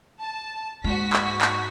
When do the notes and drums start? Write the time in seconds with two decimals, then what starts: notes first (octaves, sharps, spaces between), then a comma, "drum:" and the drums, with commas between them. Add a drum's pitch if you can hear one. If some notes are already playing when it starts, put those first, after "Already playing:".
0.18 A5
0.84 G#2 G#3 A#3 F#4 B6
1.13 drum: clap
1.41 drum: clap